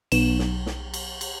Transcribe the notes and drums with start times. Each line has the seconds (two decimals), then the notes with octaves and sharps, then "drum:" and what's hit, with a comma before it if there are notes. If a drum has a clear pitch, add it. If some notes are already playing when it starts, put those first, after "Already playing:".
0.12 B1 E7, drum: cymbal
0.39 drum: snare
0.66 drum: snare
0.94 drum: cymbal
1.21 drum: cymbal